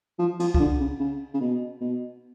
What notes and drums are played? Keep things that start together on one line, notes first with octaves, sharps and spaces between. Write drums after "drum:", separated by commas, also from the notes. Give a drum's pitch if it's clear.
F3
F3, drum: cymbal
F3, drum: kick C2
D3
C#3
C#3
C#3
B2
B2